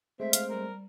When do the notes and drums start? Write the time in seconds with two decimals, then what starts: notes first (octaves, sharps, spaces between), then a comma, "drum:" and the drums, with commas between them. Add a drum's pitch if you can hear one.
0.20 G#3 A3 C4 E5
0.33 F5, drum: hi-hat
0.50 G3 A#4